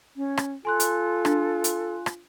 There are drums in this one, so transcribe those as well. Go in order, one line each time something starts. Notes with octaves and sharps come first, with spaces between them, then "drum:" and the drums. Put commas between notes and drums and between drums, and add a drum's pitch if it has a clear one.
C#4
drum: rim click
F4 A4 G#5 C6 F#6
drum: hi-hat
D4, drum: rim click
drum: hi-hat
drum: rim click